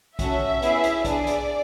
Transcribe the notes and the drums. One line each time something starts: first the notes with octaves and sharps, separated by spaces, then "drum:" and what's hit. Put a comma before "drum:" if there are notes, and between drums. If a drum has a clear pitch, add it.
C#4 F#4 A4 E5, drum: kick, hi-hat
B3 E4 G#4, drum: hi-hat
drum: hi-hat
D4 G#4 D5, drum: kick, hi-hat
drum: hi-hat